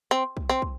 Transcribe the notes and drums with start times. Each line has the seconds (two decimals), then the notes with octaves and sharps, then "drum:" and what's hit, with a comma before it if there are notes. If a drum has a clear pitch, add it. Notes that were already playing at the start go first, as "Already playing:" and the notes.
0.11 C4
0.37 drum: kick
0.49 C4
0.62 drum: kick